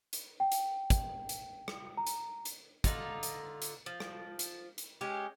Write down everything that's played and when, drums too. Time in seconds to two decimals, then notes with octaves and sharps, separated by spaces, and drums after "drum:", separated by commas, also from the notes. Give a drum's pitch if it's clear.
0.13 drum: hi-hat
0.40 G5
0.52 drum: hi-hat
0.90 drum: kick, hi-hat
1.29 drum: hi-hat
1.68 drum: rim click
1.97 A#5
2.07 drum: hi-hat
2.45 drum: hi-hat
2.84 D3 D#4 F4, drum: kick, hi-hat
3.23 drum: hi-hat
3.62 drum: hi-hat
3.86 F3
4.00 drum: rim click
4.39 drum: hi-hat
4.78 drum: hi-hat
5.01 G#3 C#4 G4